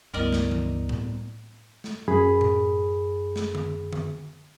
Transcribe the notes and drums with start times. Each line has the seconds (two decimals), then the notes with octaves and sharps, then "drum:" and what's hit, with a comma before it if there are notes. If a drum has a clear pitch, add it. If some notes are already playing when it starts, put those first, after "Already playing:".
0.14 C#2 G2 G3 B3 E4 A#4 D5 D#5
0.32 drum: snare
0.51 drum: tom E3
0.89 drum: tom A2
1.84 drum: snare
2.08 F#2 G#4 B5
2.41 drum: tom A2
3.36 drum: snare
3.55 drum: tom D3
3.93 drum: tom D3